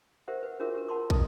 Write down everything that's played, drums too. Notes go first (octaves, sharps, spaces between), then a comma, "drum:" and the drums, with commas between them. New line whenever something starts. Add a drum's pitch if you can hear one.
G4 A#4 C5 E5 F#5
B4 F#5
D4 F4 F#4 G#4 A#4 E5
G4 A#4
F#5 A5 B5 C6 D6
G4 A4 D#5 A5 C6 D#6, drum: kick